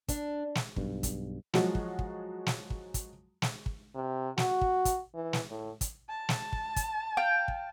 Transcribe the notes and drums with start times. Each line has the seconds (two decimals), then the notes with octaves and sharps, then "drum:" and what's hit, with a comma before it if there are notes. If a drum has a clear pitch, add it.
0.08 D4, drum: kick, hi-hat
0.55 drum: snare
0.76 B1 G2, drum: kick
1.03 drum: kick, hi-hat
1.54 F3 F#3 G#3 F#4, drum: snare
1.75 drum: kick
1.99 drum: kick
2.46 drum: snare
2.70 drum: kick
2.94 drum: kick, hi-hat
3.42 drum: snare
3.66 drum: kick
3.95 C3
4.38 F#4, drum: snare
4.61 drum: kick
4.85 drum: kick, hi-hat
5.14 E3
5.33 drum: snare
5.50 A2
5.81 drum: kick, hi-hat
6.09 A5
6.29 drum: snare
6.53 drum: kick
6.76 drum: kick, hi-hat
7.17 F5 G5
7.48 drum: kick